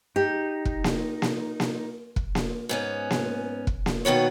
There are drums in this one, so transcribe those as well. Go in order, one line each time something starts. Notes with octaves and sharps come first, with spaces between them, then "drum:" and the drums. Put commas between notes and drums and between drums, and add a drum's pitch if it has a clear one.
D#4 G4
drum: kick
drum: snare A#3
drum: snare A#3
drum: snare A#3
drum: kick
drum: snare A#3
G#2 B3 C#4
drum: snare A#3
drum: kick
drum: snare A#3
B2 D#3 B3 C#5